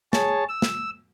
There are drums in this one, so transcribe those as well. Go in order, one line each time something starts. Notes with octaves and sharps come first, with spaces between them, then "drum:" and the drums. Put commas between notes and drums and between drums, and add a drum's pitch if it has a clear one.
G#4 C#5 A5, drum: snare
E6
drum: snare